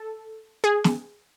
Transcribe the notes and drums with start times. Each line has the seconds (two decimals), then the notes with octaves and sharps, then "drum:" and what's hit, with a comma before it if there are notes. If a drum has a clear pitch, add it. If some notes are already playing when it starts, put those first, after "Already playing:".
Already playing: A4
0.64 G#4
0.84 drum: snare